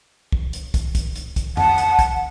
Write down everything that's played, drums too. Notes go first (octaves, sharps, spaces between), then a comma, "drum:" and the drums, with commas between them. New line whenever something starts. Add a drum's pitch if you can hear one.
drum: kick
drum: hi-hat
drum: kick, hi-hat
drum: kick, hi-hat
drum: hi-hat
drum: kick, hi-hat
F#5 A5, drum: tom F2
drum: hi-hat
drum: kick, hi-hat